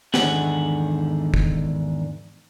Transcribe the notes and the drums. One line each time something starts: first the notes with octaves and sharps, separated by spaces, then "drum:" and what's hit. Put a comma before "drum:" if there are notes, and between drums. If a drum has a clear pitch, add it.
E2 G#2 D3 D#3 G#4 F#5, drum: snare
drum: kick